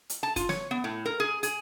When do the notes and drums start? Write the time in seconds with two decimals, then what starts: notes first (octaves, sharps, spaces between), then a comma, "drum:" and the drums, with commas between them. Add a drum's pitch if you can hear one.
0.10 drum: hi-hat
0.23 A5
0.36 F4, drum: kick, hi-hat
0.49 C#5, drum: snare
0.71 B3
0.84 A2
1.05 A#4
1.20 G#4
1.43 G#4, drum: hi-hat